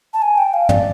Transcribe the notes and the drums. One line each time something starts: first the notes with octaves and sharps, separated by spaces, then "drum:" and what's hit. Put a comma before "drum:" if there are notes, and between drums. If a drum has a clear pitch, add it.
A5
G#5
G5
F5
D5, drum: tom